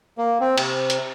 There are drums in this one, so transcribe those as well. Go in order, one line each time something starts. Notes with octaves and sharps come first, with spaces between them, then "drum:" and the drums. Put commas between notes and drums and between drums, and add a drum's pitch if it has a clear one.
A#3
C4
C3, drum: cymbal
drum: hi-hat